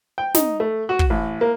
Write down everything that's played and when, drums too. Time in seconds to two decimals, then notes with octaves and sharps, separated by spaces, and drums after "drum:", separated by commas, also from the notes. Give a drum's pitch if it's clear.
0.18 G5
0.35 D#4, drum: snare
0.60 A3
0.89 F#4
0.99 drum: kick
1.10 A1
1.41 A#3